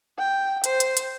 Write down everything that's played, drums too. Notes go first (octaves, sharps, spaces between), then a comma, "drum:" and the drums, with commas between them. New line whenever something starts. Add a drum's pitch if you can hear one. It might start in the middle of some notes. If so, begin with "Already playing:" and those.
G5
C5, drum: hi-hat
drum: hi-hat
drum: hi-hat